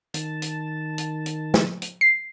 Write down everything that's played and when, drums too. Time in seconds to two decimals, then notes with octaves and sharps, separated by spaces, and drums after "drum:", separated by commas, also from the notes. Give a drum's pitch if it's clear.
0.14 D#3 A5, drum: hi-hat
0.42 drum: hi-hat
0.98 drum: hi-hat
1.26 drum: hi-hat
1.54 drum: snare
1.82 drum: hi-hat
2.01 C7